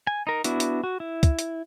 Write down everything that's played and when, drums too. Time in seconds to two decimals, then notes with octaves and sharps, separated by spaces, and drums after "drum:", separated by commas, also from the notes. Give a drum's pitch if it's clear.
0.07 G#5
0.27 D#4 A#4
0.44 B3 D4 E4 F#4, drum: hi-hat
0.60 drum: hi-hat
0.84 F#4
1.00 E4
1.23 drum: kick, hi-hat
1.39 drum: hi-hat